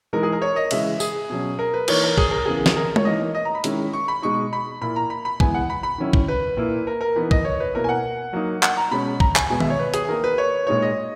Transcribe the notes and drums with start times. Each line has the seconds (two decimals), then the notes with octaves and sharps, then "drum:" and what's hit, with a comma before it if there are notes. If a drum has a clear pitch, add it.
0.13 E3 G#3 D#4 A#4
0.23 G#4
0.32 A#4
0.42 C#5
0.56 D#5
0.71 C#3 E3 G#3 E5, drum: cymbal
1.00 G#4, drum: tambourine
1.30 B2 F#3 C#4
1.59 A#4
1.74 B4
1.88 E3 A#3 D#4 C#5, drum: cymbal
2.03 A#4
2.18 G#4, drum: kick
2.31 A#4
2.45 C#3 E3 B3 G#4
2.66 drum: snare
2.76 A#4
2.96 C#5, drum: tom G#3
3.05 E3 A#3 D#4 D#5
3.35 D#5
3.45 A#5
3.55 B5
3.64 D#3 G#3 C#4 E4, drum: hi-hat
3.93 C#6
4.08 B5
4.22 B2 G#3 D#4 C#6
4.53 B5
4.82 A#2 A#3 E4 B5
4.96 A#5
5.10 B5
5.25 B5
5.40 E3 G#3 B3 E4 G#5, drum: kick
5.55 F#5
5.70 B5
5.83 B5
5.98 D#3 F#3 C#4 E4
6.13 drum: kick
6.28 B4
6.57 A#2 A#3 E4
6.87 A#4
7.01 A#4
7.16 E3 B3 D#4 B4
7.31 D#5, drum: kick
7.45 C#5
7.60 B4
7.74 B2 A#3 E4 A#4
7.84 G#5
7.89 F#5
8.33 F#3 A#3 D#4
8.63 F#5, drum: clap
8.77 A#5
8.91 B2 G#3 C#4 B5
9.20 A#5, drum: kick
9.36 G#5, drum: clap
9.50 B2 G#3 B3 G#5
9.60 E5, drum: tom D#3
9.70 C#5
9.79 B4
9.94 G#4, drum: hi-hat
10.08 D#3 A#3 D#4 A#4
10.24 B4
10.38 C#5
10.67 A#2 G#3 D#4 C#5
10.82 D#5